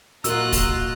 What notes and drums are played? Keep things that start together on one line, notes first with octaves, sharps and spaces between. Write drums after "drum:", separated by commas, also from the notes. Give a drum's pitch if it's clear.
A#2 F4 F#4 A#4 D#5 A#5 E6 F#6, drum: hi-hat
drum: kick, open hi-hat